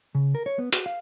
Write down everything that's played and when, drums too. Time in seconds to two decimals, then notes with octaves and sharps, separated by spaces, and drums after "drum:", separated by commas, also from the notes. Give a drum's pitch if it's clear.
0.15 C#3
0.35 A#4
0.46 C#5
0.59 B3
0.73 F#4, drum: hi-hat
0.86 F5